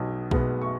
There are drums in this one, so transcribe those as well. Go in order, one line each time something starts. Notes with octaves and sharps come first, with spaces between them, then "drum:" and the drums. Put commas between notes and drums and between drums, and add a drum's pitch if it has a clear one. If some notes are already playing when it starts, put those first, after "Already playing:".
Already playing: B1 B2 B3
B2 G#3 B3, drum: kick B1
C#6